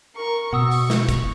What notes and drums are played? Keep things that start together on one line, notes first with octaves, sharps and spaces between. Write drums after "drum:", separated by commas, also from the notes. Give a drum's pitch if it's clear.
A#4 C#6
B2 F#5 C#6 D#6 E6
drum: open hi-hat
drum: snare
drum: kick, hi-hat